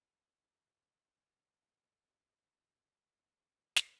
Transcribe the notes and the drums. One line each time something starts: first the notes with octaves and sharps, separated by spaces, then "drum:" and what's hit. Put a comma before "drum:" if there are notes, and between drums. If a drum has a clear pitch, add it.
D3
C#3
D3
D3
C#3
B2
F#2
drum: snare